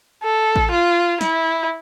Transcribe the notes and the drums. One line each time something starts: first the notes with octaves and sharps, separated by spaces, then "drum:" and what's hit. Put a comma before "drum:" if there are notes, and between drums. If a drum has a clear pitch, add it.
A4
drum: kick A1
F4
E4, drum: snare